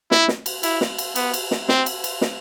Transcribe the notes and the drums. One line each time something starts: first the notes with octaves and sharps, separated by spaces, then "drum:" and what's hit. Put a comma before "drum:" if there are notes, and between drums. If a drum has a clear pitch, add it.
E4, drum: snare
drum: snare
drum: cymbal
E4, drum: cymbal
drum: snare
drum: cymbal
B3, drum: cymbal
drum: cymbal
drum: snare
C4, drum: snare
drum: cymbal
drum: cymbal
drum: snare